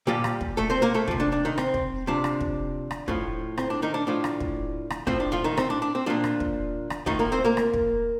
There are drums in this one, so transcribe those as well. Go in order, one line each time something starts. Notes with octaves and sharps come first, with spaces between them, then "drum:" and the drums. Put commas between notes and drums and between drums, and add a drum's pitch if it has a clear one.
A#2 F3 G3 G4
drum: rim click
drum: kick
A3 A4
C4 C5
A#3 A#4
A3 A4
C3 F3, drum: kick
D4
D4
D#3 D#4
C4, drum: rim click
drum: kick
C3 F3 D4
drum: rim click
drum: kick
drum: rim click
A2 F3, drum: kick
C4, drum: rim click
D4
D#3 D#4
D4
A2 F3 D4
drum: rim click
drum: kick
drum: rim click
A2 F3 C4, drum: kick
D4
F3 F4
D#3 D#4
C4, drum: rim click
D4
D4
C4
A#2 F3 D4
drum: rim click
drum: kick
drum: rim click
A2 D#3 F3 D#4, drum: kick
A#3 A#4
C4 C5
A#3 A#4
drum: rim click
drum: kick